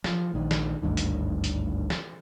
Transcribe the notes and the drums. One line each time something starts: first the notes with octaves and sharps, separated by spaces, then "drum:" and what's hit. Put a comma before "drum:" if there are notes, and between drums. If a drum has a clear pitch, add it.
F3, drum: snare
A#1 D#3
drum: snare
G#1 D2 G2 D#3
drum: hi-hat
drum: hi-hat
drum: snare